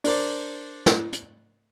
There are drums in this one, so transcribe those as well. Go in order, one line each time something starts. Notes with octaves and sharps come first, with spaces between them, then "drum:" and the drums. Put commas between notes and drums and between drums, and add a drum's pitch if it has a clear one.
D4 A#4 C5 D5, drum: open hi-hat
drum: snare
drum: hi-hat